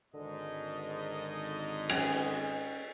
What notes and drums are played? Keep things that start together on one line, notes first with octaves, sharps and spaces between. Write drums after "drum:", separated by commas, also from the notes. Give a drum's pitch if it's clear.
G#1 G#2 D3 D#5
C#4 G#4, drum: cymbal